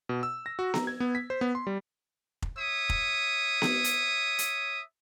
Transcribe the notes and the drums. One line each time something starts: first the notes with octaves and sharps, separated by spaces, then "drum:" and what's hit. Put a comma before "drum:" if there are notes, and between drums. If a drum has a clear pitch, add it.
B2
E6
A#6
F#4
A#5, drum: snare B3
G#6
B3
B6
C5
B3
C6
G3
drum: kick F1
C#5 E5 D#6
drum: kick F1
drum: snare B3
drum: hi-hat
drum: hi-hat